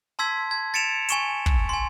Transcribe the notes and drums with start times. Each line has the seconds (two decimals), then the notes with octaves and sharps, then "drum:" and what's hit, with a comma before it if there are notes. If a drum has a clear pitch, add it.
0.19 A5 C6 E6 G#6 B6
0.51 G#6
0.74 A6 C#7 D7 E7 F7
1.09 G#5 C#6 E7, drum: hi-hat
1.46 drum: kick
1.69 G#5 C6